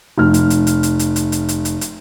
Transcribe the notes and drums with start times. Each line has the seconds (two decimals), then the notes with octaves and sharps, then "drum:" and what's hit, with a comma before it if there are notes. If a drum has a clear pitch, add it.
0.18 F1 F6
0.34 drum: hi-hat
0.50 drum: hi-hat
0.67 drum: hi-hat
0.83 drum: hi-hat
0.99 drum: hi-hat
1.16 drum: hi-hat
1.32 drum: hi-hat
1.49 drum: hi-hat
1.65 drum: hi-hat
1.81 drum: hi-hat